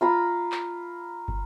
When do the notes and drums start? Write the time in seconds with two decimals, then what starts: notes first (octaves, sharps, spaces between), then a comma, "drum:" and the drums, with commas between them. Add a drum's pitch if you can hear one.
0.01 F4 A#5 B5
0.52 drum: clap
1.28 drum: kick